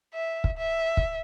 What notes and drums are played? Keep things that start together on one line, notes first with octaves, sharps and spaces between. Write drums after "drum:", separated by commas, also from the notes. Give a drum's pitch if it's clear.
E5
drum: kick
E5
drum: kick